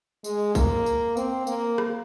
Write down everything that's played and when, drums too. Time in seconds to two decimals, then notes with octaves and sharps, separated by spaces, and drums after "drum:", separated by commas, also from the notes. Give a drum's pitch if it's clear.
0.24 G#3, drum: tambourine
0.55 A#3, drum: kick, tambourine
0.86 drum: tambourine
1.17 C4, drum: tambourine
1.47 A#3, drum: tambourine
1.78 drum: rim click